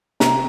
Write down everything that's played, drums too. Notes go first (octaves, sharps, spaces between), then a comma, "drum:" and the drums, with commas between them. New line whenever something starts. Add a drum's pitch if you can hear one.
C3 A#5, drum: snare